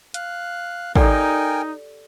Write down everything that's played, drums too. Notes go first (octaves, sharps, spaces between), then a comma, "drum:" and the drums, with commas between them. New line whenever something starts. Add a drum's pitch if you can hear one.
F5 F#6, drum: hi-hat
D#4 G4 A4 A#4 D5 G5 G#5, drum: kick